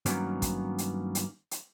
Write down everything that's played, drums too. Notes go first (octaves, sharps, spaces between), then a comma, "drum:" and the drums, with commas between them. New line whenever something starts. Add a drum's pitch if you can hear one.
G2 D#3 F#3 A#3 B3 C#4, drum: hi-hat
drum: kick, hi-hat
drum: hi-hat
drum: hi-hat
drum: hi-hat